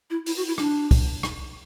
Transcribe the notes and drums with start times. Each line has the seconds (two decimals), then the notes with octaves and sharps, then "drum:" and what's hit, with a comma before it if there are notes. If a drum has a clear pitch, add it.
0.10 E4
0.26 E4, drum: open hi-hat
0.37 F#4
0.48 E4
0.58 D4, drum: rim click
0.91 drum: kick, open hi-hat
1.23 drum: rim click